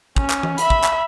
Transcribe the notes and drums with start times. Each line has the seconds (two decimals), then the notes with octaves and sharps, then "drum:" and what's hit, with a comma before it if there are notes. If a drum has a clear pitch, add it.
0.16 C#4, drum: kick
0.30 drum: clap
0.43 drum: tom E3
0.58 E5 B5, drum: hi-hat
0.70 drum: kick
0.84 drum: clap